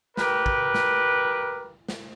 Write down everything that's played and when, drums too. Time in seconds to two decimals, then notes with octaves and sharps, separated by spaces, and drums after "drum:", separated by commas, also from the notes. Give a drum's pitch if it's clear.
0.17 G4 A#4 B4, drum: snare
0.46 drum: kick
0.74 drum: snare
1.89 drum: snare